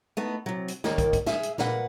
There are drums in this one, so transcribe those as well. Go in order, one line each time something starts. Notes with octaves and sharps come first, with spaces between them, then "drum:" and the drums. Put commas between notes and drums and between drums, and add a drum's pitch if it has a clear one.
A3 B3 D#4
C3 F#3
drum: hi-hat
D#2 D#3 A#3 D5, drum: snare
drum: kick, hi-hat
drum: kick, hi-hat
G#4 E5, drum: snare
drum: hi-hat
A#2 A#3 B4 F#5, drum: snare